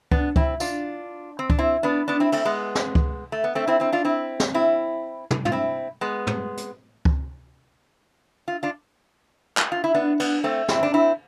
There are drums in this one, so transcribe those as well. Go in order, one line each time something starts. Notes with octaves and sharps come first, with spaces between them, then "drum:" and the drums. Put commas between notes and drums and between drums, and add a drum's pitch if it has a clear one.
B3 D4, drum: kick C#2
C4 E4, drum: kick C#2
D4 F4, drum: tambourine
C4
D4, drum: kick C#2
C4 E4
B3 D4
B3 D4
C4 E4
A3 C4, drum: cymbal
G#3 B3
drum: snare
drum: kick C#2
A3
B3
A3 C4
C4 E4
C4 E4
D4 F4
C4 E4
drum: snare
C4 E4
drum: tom
F4, drum: tom
C4 E4
G#3 B3
drum: tom
drum: hi-hat
drum: kick C#2
F4
D4 F4
drum: clap
F4
E4
B3 D4
B3 D4, drum: cymbal
A3 C4
C4 E4, drum: snare
D4
C4 E4